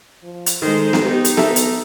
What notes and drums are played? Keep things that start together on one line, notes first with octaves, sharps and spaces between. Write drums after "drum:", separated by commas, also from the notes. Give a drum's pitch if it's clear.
F3
drum: hi-hat
D#3 G#3 A4 C5
drum: snare B3
D#4 G4
drum: hi-hat
A4 E5, drum: snare B3
drum: hi-hat